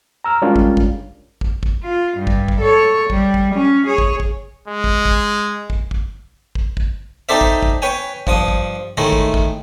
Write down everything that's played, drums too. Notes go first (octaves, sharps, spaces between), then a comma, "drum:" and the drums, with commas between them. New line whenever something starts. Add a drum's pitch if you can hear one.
A#5 E6 F6
G3 G#3 C#4 D4 F4 A#4
drum: kick
drum: kick
drum: kick
drum: kick
F4
G2
drum: kick
drum: kick
A4 C#5
G3, drum: kick
drum: kick
C#4
G#4 C#5
drum: kick
drum: kick
G#3
drum: kick
drum: kick
drum: kick
drum: kick
drum: kick
drum: kick
D#4 G4 A4 C5 D5 E5
drum: kick
drum: kick
B4 C#5 G5 G#5
G2 F3 D#6, drum: kick
drum: kick
A2 D#3 G#3 A3 E4
drum: kick
drum: kick